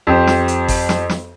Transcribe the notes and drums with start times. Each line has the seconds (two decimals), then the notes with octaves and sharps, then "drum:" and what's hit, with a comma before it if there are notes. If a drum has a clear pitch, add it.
0.07 F2 G4 C5
0.27 drum: snare
0.48 drum: hi-hat
0.68 drum: kick G1, open hi-hat
0.89 drum: snare
1.10 drum: snare